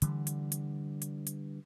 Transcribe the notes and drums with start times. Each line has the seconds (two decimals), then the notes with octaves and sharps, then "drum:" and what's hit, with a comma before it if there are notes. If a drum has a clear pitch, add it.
0.02 D3 E3 G3, drum: hi-hat
0.27 drum: hi-hat
0.52 drum: hi-hat
1.02 drum: hi-hat
1.27 drum: hi-hat